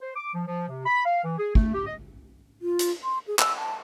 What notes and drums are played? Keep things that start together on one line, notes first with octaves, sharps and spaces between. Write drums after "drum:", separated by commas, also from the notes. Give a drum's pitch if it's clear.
C5
D6
F3
F3
C3
B5
F5
E3
G#4
A3, drum: kick
G4
D#5
F4
drum: hi-hat
C6
G#4
E6, drum: clap
A5